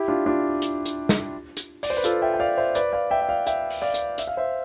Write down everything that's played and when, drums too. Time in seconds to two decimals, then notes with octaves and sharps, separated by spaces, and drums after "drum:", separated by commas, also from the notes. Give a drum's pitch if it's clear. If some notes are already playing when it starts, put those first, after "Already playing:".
Already playing: E4 G4
0.08 D4 F4
0.26 D4 F4
0.62 drum: hi-hat
0.86 drum: hi-hat
1.09 drum: snare
1.57 drum: hi-hat
1.83 D5, drum: open hi-hat
1.90 C5
1.97 B4
2.04 F4 A4, drum: hi-hat
2.22 E5 G5
2.34 G5
2.40 D5 F5
2.58 C5 E5
2.75 B4 D5, drum: hi-hat
2.93 D5 F5
3.11 E5 G5
3.21 E5
3.29 D5 F5
3.46 E5 G5, drum: hi-hat
3.70 drum: open hi-hat
3.82 D5 F5
3.94 drum: hi-hat
4.18 E5, drum: hi-hat
4.27 F5
4.37 C5 E5